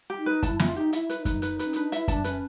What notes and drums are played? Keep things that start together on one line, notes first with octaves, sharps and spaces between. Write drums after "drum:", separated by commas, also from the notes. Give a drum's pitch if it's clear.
G4
D#4
B4
E4 A5, drum: kick F#2, hi-hat
F4 E5, drum: snare
D#4 G4
E4 E5, drum: hi-hat
B4, drum: hi-hat
D#4
B4, drum: kick F#2, hi-hat
B4, drum: hi-hat
C#4 B4, drum: hi-hat
D4 B4, drum: hi-hat
D#4
E4 E5, drum: hi-hat
D4 A5, drum: kick F#2, hi-hat
C#4 B4, drum: hi-hat